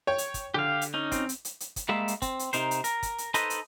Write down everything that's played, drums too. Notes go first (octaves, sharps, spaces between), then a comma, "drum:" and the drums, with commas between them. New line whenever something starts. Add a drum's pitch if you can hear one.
C#5 G5
drum: hi-hat
drum: kick, hi-hat
D3 G4 F5
drum: hi-hat
C#4 D#4
C4, drum: kick, hi-hat
drum: hi-hat
drum: hi-hat
drum: hi-hat
drum: kick, hi-hat
G3 G#3 A#3 E5
drum: hi-hat
C4, drum: kick, hi-hat
drum: hi-hat
C3 D#4 A#4 C5, drum: hi-hat
drum: hi-hat
A#4, drum: hi-hat
drum: kick, hi-hat
drum: hi-hat
D#4 A4 B4 C5 D#5, drum: hi-hat
drum: hi-hat